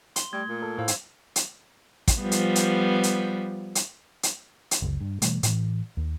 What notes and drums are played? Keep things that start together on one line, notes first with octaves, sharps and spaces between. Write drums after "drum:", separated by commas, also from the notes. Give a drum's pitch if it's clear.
C6 G7, drum: hi-hat
G3 A3 G#6
A#2
A4
A2 C5 F5 E6
drum: hi-hat
drum: hi-hat
drum: kick, hi-hat
F3 G3 B3
drum: hi-hat
drum: hi-hat
drum: hi-hat
drum: hi-hat
drum: hi-hat
drum: hi-hat
F#1 C#2
G2
B2 E3 G3 A3, drum: hi-hat
A2 E3, drum: hi-hat
D#2